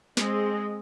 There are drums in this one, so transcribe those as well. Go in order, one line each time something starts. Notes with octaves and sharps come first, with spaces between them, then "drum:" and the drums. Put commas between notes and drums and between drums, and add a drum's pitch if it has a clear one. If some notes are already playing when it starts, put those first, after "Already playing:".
G#3 C4 G#4 D#5, drum: snare